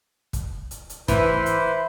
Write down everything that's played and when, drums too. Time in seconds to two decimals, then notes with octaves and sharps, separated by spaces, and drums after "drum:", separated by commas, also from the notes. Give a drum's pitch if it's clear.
0.33 drum: kick, hi-hat
0.71 drum: hi-hat
0.90 drum: hi-hat
1.08 E3 B4 C5, drum: kick, hi-hat
1.46 drum: hi-hat